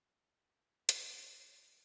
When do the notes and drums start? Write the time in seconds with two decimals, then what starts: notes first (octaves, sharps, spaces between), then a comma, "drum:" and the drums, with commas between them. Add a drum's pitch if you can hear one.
0.24 G4
0.89 drum: hi-hat
1.09 A#4
1.50 G4